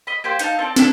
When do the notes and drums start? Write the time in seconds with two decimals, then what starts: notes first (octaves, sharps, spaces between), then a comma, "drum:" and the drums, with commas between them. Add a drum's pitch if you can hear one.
0.07 D#5 B5
0.24 A#3 G4 C5 G5
0.39 D#4 F5 A5, drum: hi-hat
0.59 C4 A4 D5
0.76 D4 E4 A4, drum: snare